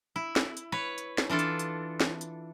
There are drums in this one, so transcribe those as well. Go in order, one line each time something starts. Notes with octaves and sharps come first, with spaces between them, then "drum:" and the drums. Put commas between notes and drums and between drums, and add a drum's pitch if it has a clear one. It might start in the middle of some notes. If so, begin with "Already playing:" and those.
E4
drum: snare
drum: hi-hat
B4 C#5
drum: hi-hat
drum: snare
E3 D4 F4 A4
drum: hi-hat
drum: hi-hat
drum: snare
drum: hi-hat